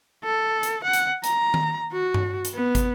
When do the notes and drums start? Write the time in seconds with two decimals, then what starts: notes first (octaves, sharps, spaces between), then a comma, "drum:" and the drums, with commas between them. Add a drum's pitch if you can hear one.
0.24 A4
0.63 drum: hi-hat
0.84 F#5
0.93 drum: hi-hat
1.24 A#5, drum: hi-hat
1.54 drum: tom D#3
1.92 F#4
2.14 drum: tom G2
2.45 drum: hi-hat
2.54 B3
2.75 drum: kick, hi-hat